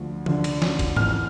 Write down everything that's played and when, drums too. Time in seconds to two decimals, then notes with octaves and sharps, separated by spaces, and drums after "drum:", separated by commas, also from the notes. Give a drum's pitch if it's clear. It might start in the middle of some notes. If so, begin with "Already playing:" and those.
Already playing: D2 D3 F3
0.26 D2 D3 F3, drum: tom E3
0.44 drum: cymbal
0.62 drum: snare C#4
0.79 drum: kick, cymbal
0.96 F2 E3 F6, drum: tom G#2